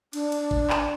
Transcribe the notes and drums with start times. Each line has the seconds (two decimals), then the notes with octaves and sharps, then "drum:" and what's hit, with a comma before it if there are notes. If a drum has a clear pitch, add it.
0.13 D4, drum: cymbal
0.32 drum: cymbal
0.51 drum: kick G#1
0.70 drum: clap